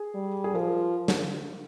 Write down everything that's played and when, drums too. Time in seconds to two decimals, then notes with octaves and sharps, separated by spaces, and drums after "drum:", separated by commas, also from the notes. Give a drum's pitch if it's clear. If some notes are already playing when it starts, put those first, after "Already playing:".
Already playing: G#4
0.15 G3
0.44 G#4
0.54 F3 A#4
1.08 drum: snare